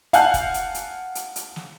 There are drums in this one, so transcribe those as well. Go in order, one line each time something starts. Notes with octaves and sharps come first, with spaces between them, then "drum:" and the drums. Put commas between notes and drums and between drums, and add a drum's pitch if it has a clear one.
F5 F#5 G#5 A5 F#6 G6, drum: hi-hat
drum: kick, hi-hat
drum: hi-hat
drum: hi-hat
drum: hi-hat
drum: hi-hat
drum: snare